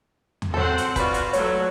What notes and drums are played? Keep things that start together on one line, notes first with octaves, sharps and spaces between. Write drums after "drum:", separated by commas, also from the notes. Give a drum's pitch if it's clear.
drum: tom E2
F#3 C4 A4 C5 F#5
drum: hi-hat
F4 F#4 B4 D5, drum: kick F1, hi-hat
drum: hi-hat
F#3 A3 C#5, drum: hi-hat